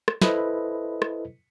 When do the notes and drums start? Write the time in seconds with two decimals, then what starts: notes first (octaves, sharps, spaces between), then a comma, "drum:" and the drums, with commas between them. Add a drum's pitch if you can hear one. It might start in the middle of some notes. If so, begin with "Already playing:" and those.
0.08 drum: rim click
0.22 E4 A4 B4 C5 D#5, drum: snare
1.02 drum: rim click